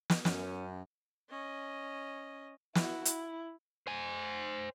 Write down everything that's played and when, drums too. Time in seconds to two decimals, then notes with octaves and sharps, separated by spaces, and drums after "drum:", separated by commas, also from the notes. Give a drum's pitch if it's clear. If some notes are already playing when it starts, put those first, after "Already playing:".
0.10 drum: snare
0.25 F#2 C#4, drum: snare
1.29 C#4 D#5
2.75 E4 F#4, drum: snare
3.05 E4, drum: hi-hat
3.87 C5 G#5